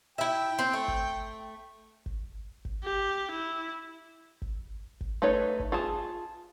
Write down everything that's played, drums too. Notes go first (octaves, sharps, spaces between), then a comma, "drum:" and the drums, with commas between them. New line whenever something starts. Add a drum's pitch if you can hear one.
E4 E5 G5
C4
A3
drum: kick
drum: kick
drum: kick
G4
E4
drum: kick
drum: kick
A3 D#4 B4 C#5
drum: kick
F4 G#4 A5